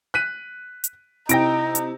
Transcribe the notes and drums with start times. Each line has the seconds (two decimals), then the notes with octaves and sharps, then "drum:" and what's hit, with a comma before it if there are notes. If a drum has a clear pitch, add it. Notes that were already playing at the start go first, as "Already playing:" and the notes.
0.14 F#6 B6 D#7
0.84 drum: hi-hat
1.29 C3 D#4 E4 G5 A#6 D7, drum: hi-hat
1.75 drum: hi-hat